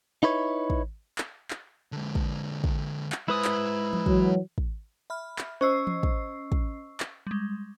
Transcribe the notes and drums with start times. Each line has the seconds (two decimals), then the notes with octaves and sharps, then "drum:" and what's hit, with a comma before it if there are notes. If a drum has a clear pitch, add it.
0.23 D#4 E4 B4 C#5
0.70 drum: kick
1.18 drum: clap
1.51 drum: clap
1.92 D3 G#3
2.15 drum: kick
2.64 drum: kick
3.12 drum: clap
3.28 G#3 E4 B4 C5 D#6
3.45 drum: clap
3.93 drum: tom E3
4.06 E3 F#3, drum: kick
4.58 drum: kick
5.10 E5 B5 F6
5.38 drum: clap
5.61 C#4 C5 D#5 C#6 E6 C7
5.87 drum: tom E3
6.03 drum: kick
6.52 drum: kick
7.00 drum: clap
7.27 G3 G#3